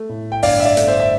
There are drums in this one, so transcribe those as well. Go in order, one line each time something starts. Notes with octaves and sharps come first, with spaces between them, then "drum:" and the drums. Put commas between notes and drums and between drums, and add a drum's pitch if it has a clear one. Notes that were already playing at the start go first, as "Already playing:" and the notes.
Already playing: A3
A2
G5
G1 D5 F5, drum: open hi-hat
E5
D5 F5
A3, drum: hi-hat
C5 E5
E5